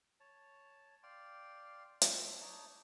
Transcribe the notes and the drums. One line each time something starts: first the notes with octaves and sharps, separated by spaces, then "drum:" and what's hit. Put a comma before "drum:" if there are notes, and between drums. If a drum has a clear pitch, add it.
C#5 A5
D5 F5 G5 C6
A4, drum: hi-hat
D4 D#4 C#5